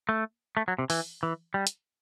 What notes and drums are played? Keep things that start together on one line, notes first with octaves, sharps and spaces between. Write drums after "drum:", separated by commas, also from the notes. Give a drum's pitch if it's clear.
A3
A3
F#3
C3
E3, drum: open hi-hat
E3
G3
drum: hi-hat